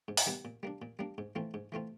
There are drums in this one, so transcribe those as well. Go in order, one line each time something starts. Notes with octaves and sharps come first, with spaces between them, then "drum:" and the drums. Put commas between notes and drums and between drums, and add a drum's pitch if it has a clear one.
G#2
drum: open hi-hat
D#3 G3 B3
A#2
G3 A#3 D4
A#2
G3 A#3 D4
G#2
E3 A3 C4 F4
G#2
E3 A3 C4 F4